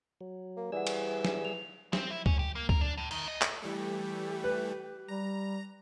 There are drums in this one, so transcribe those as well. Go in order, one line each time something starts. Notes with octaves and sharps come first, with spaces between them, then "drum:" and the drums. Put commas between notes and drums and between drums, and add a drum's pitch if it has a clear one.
F#3
A#3
E3 G3 G#4 D5 F#5 E6
drum: cymbal
drum: snare
F7
C4, drum: snare
E4
C#4, drum: kick C#2
G4
A#3
A#4, drum: kick C#2
D4
A2
D#3, drum: cymbal
D#5
drum: clap
E3 G3 A3 G4
B4
G3 A#5